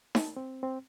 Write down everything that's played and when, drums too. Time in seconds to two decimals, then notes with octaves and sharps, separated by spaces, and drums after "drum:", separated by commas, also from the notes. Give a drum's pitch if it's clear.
0.15 A5, drum: snare D#4
0.37 C4
0.63 C4